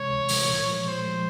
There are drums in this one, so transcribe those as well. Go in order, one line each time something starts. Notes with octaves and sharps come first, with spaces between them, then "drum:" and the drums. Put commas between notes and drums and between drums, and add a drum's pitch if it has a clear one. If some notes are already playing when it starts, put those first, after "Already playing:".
Already playing: C3 E3 G#3 C#5
C#2
C3 E3 G#3, drum: open hi-hat
A#2
F3 G#3
A#2 C5
F3 G#3